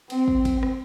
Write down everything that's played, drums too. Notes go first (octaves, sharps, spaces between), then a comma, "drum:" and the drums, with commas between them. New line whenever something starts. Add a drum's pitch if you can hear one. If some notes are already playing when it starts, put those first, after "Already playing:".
C4, drum: cymbal
drum: kick
drum: kick, cymbal
drum: rim click